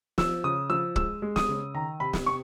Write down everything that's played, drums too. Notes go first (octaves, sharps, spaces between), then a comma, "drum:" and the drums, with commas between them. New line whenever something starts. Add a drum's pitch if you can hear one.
F3 E6, drum: snare
C#3 D#6
F3 E6
G#3 E6, drum: kick
G#3
D#6, drum: snare
C#3
D#3 A#5
C3 B5
drum: snare
C3 C#6